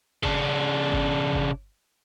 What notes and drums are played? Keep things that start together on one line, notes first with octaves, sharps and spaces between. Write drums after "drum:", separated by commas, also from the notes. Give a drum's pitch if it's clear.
C#3 D4, drum: kick G1
drum: kick G1
drum: kick G1